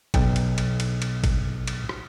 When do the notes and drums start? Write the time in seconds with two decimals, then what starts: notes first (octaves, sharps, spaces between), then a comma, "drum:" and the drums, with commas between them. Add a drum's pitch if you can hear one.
0.14 B1 G5, drum: kick G#1, cymbal
0.36 drum: cymbal
0.58 drum: cymbal
0.80 drum: cymbal
1.02 drum: cymbal
1.24 drum: kick G#1, cymbal
1.67 drum: cymbal
1.89 drum: rim click